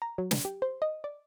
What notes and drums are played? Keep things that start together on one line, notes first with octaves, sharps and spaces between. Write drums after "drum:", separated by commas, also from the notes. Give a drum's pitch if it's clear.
A#5
F#3
drum: snare
G4
C5
D#5
D5